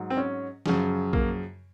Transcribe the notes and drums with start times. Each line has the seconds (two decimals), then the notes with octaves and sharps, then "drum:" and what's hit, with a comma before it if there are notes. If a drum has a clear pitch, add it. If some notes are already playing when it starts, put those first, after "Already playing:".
Already playing: G#2 F#3
0.10 C4
0.17 C#4
0.66 F#2 C#3 F3, drum: snare
1.13 A#3, drum: kick